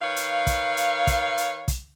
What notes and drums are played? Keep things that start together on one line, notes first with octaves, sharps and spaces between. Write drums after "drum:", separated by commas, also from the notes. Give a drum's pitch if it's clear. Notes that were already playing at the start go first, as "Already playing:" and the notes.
D#3 B4 C#5 F5
drum: hi-hat
drum: kick, hi-hat
drum: hi-hat
drum: kick, hi-hat
drum: hi-hat
drum: kick, hi-hat